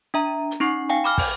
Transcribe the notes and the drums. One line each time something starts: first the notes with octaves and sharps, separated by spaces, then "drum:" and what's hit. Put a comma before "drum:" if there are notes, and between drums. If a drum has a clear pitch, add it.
D4 E5 A#5
drum: hi-hat
C#4 D#4 C#6 C7
F5 G5 G#5
B5 D6 F6, drum: hi-hat
drum: kick, open hi-hat